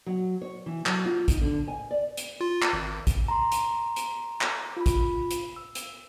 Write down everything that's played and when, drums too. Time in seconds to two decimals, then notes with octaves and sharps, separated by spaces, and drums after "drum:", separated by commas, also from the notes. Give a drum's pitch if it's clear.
0.06 F#3
0.42 C#5
0.66 E3
0.86 F#3, drum: clap
1.05 F4
1.28 D#4, drum: kick, hi-hat
1.42 D3
1.68 G#5
1.91 D5
2.17 drum: hi-hat
2.41 F4
2.62 drum: clap
2.73 G#1
3.07 drum: kick, hi-hat
3.28 A#5 C6
3.52 drum: hi-hat
3.96 drum: hi-hat
4.41 drum: clap
4.77 F4 B5
4.86 drum: kick, hi-hat
5.31 drum: hi-hat
5.56 E6
5.75 drum: hi-hat